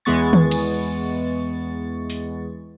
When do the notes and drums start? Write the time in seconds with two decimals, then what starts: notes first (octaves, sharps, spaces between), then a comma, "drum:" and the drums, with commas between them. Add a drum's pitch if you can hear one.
0.05 E2 E3 G#3 B3 C#6 A6
0.33 drum: tom D#3
0.51 drum: cymbal
2.10 drum: open hi-hat